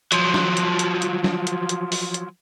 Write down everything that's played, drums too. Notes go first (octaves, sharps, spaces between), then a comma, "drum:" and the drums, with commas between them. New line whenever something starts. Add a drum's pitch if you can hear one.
F3 F#3, drum: hi-hat
drum: snare
drum: hi-hat
drum: hi-hat
drum: hi-hat
drum: snare
drum: hi-hat
drum: hi-hat
drum: open hi-hat
drum: hi-hat